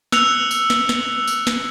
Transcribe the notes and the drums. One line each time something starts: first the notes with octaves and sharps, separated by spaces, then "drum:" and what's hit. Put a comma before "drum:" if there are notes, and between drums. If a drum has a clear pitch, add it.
E6 F#6 C#7 F7, drum: snare
drum: tambourine
drum: snare
drum: snare
drum: tambourine
drum: snare